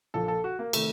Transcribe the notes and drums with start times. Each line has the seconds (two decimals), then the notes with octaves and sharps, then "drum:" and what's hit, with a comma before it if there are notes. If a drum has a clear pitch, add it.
0.14 A#1 A#2 F3 A4
0.28 A4
0.44 F#4
0.59 A#3
0.73 C3 D#3 A3, drum: cymbal